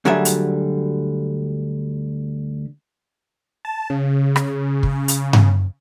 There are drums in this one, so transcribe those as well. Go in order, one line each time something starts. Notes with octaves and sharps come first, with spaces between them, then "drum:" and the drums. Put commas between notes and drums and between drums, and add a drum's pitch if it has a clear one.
D2 D3 F#3 G3 G#4 E5
drum: hi-hat
A5
C#3
drum: rim click
drum: kick
drum: hi-hat
drum: tom G2